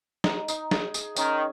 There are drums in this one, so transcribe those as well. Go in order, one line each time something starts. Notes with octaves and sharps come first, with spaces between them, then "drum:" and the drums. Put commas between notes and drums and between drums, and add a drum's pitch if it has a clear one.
D#4, drum: snare
D#4, drum: tambourine
G#4, drum: snare
G#4, drum: tambourine
D#3 C#4, drum: tambourine